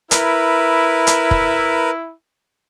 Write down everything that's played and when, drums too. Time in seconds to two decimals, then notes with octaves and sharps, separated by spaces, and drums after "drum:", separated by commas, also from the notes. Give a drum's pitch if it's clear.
0.11 E4 A#4 B4, drum: hi-hat
1.07 drum: hi-hat
1.31 drum: kick